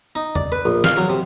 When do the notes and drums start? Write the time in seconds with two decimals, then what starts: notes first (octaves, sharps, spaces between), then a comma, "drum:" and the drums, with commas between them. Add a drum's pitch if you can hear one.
0.15 D#4
0.35 D5, drum: tom
0.52 B4
0.65 A#1
0.84 F5, drum: snare
0.97 F#3
1.09 C3